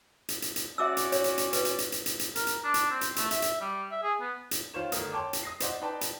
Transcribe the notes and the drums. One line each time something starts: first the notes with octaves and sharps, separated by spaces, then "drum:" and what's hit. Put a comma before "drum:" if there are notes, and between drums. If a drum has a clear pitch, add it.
drum: hi-hat
drum: hi-hat
drum: hi-hat
C#4 F#4 D5 E5 D6 E6
drum: hi-hat
C#5, drum: hi-hat
drum: hi-hat
drum: hi-hat
B4, drum: hi-hat
drum: hi-hat
drum: hi-hat
drum: hi-hat
drum: hi-hat
drum: hi-hat
A#4, drum: hi-hat
drum: hi-hat
D4
drum: hi-hat
C4
drum: hi-hat
A3, drum: hi-hat
E5, drum: hi-hat
drum: hi-hat
G3
E5
G#4
B3
drum: hi-hat
D#3 F4 C5 C#5 E7
G1 A3 A#4 D#6 F6, drum: hi-hat
C#5 G5 A5 C6 D6
drum: hi-hat
D#6 A#6 C7
C5 D5 D#5 F#5, drum: hi-hat
D#4 B4 D5 G5 A5 B5
drum: hi-hat